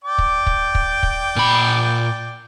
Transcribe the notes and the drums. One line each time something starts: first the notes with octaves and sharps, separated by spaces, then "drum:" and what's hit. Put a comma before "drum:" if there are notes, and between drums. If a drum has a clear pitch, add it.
D5 G5 D6
drum: kick
drum: kick
drum: kick
drum: kick
A#2 B5